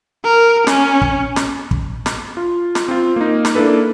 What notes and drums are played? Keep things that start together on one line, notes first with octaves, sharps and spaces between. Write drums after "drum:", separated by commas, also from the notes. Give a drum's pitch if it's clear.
A#4
C#4, drum: snare
drum: kick
drum: snare
drum: kick
drum: snare
F4
drum: snare
C4 F4
A#3 D#4
drum: snare
A#3 D4 E4 A4 B4